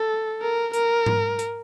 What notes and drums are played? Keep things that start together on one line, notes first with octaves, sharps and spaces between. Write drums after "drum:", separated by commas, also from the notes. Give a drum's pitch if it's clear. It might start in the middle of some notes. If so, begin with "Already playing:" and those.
Already playing: A4
A#4
A#4, drum: hi-hat
drum: tom G#2
drum: hi-hat